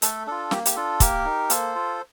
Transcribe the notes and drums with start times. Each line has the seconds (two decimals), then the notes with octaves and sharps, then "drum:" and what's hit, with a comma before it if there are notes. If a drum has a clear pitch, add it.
0.02 A3 A4, drum: hi-hat
0.27 D4 F4 A4
0.51 A#3 G4, drum: snare
0.66 G4, drum: hi-hat
0.76 D4 F4 A4
1.00 A#3 G4 A#4, drum: kick, hi-hat
1.25 D#4
1.50 A#3 A4 C5, drum: hi-hat
1.75 F4